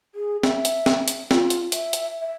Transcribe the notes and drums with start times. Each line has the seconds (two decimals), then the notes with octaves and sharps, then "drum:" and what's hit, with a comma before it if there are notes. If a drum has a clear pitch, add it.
0.15 G#4
0.43 E5, drum: snare
0.65 drum: hi-hat
0.86 drum: snare
1.08 drum: hi-hat
1.31 F4, drum: snare
1.50 drum: hi-hat
1.72 E5, drum: hi-hat
1.93 drum: hi-hat
2.21 E5